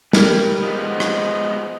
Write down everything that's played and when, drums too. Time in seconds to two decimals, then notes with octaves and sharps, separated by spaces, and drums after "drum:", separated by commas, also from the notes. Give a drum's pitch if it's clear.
0.13 G3 G4 A#4 B4, drum: snare
0.63 F3 G#3 B3 D#5
1.00 drum: rim click